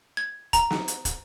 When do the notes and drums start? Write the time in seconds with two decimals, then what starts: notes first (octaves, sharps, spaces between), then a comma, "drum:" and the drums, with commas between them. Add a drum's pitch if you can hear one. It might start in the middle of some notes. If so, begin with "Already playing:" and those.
0.17 G#6
0.53 A#5, drum: kick, hi-hat
0.70 drum: snare
0.88 drum: hi-hat
1.05 drum: kick, hi-hat